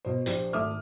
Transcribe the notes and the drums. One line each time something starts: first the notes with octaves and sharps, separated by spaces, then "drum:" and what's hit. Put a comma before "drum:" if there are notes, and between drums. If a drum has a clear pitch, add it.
B2 C5
A#1 G4 C5, drum: hi-hat
G#1 A3 E5 D6 D#6 F6